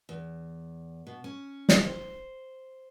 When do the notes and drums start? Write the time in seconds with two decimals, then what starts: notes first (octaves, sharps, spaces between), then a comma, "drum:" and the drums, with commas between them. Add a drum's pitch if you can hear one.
0.09 E2
1.07 B2
1.24 C#4
1.69 drum: snare
1.85 C5